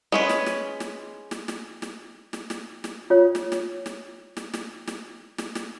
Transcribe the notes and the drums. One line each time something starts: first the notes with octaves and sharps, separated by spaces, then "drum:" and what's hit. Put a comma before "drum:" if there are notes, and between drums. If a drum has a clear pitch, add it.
G#3 C#4 B4
drum: snare
drum: snare
drum: snare
drum: snare
drum: snare
drum: snare
drum: snare
drum: snare
drum: snare
F4 C#5
drum: snare
drum: snare
drum: snare
drum: snare
drum: snare
drum: snare
drum: snare
drum: snare